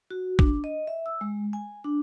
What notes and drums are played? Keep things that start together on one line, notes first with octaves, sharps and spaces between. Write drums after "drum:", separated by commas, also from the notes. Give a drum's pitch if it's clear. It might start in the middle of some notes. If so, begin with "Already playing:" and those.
F#4
D4, drum: kick
D#5
E5
E6
G#3
G#5
D4